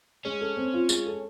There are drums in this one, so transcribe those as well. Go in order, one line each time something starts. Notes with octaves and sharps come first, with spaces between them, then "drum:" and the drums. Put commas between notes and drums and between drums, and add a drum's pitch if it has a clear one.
G#3 C#4
A4
C4
F4
G#3, drum: tambourine
A4